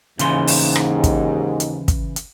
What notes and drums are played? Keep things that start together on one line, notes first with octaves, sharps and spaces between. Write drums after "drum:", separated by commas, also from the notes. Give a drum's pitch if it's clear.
D#2 G#2 C#3 E3 C6, drum: hi-hat
drum: open hi-hat
drum: rim click
drum: kick, hi-hat
drum: hi-hat
drum: kick, hi-hat
drum: hi-hat